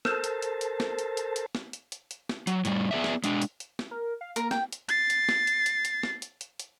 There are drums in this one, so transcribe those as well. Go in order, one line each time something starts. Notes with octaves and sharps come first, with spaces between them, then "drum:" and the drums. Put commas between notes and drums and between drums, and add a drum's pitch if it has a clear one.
A4 A#4 C5 A5, drum: snare
drum: hi-hat
drum: hi-hat
drum: hi-hat
drum: snare
drum: hi-hat
drum: hi-hat
drum: hi-hat
drum: snare
drum: hi-hat
drum: hi-hat
drum: hi-hat
drum: snare
F#3, drum: hi-hat
A2 G3, drum: hi-hat
B3 G#4 D5 E5
drum: snare
G#3 D4, drum: hi-hat
drum: hi-hat
drum: hi-hat
drum: snare
A#4
F5
A#3 A#4 A#5, drum: hi-hat
G5, drum: snare
drum: hi-hat
A6 C7, drum: hi-hat
drum: hi-hat
drum: snare
drum: hi-hat
drum: hi-hat
drum: hi-hat
drum: snare
drum: hi-hat
drum: hi-hat
drum: hi-hat